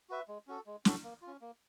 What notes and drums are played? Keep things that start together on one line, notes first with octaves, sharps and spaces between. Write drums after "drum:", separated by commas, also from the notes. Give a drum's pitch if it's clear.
F#4 B4 E5
G#3
C#4 F#4 A4
G#3
C#4 F#4 A4, drum: snare
A#3
F4
C#4
A#3